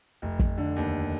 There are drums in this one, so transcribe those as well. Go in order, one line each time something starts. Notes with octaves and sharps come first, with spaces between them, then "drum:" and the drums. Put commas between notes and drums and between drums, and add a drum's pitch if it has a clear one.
F1
F1, drum: kick
D3
D#2